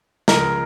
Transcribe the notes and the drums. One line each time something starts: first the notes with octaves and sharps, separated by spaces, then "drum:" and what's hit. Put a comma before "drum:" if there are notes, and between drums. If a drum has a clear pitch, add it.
C#2 C#3 F3 G#3 A#4, drum: snare